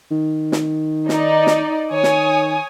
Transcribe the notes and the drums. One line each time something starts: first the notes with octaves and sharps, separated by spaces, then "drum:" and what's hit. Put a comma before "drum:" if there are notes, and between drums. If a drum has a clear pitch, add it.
D#3
drum: snare
D#4 D5, drum: snare
drum: snare
D#3 C#5 G#5 D#6
drum: snare